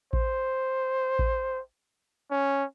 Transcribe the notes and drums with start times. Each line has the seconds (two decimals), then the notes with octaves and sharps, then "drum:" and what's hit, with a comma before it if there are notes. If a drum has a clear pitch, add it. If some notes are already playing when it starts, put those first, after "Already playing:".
0.13 C5, drum: kick A1
1.19 drum: kick A1
2.31 C#4